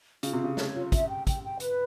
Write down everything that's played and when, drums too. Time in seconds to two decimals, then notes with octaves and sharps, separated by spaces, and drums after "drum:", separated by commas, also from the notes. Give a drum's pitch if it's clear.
0.23 C#3 F4, drum: hi-hat
0.33 C3
0.41 C#3 G#4
0.57 C#5, drum: snare
0.75 F4
0.92 E5, drum: kick, hi-hat
1.08 G5
1.27 G5, drum: kick, hi-hat
1.43 G5
1.60 B4, drum: hi-hat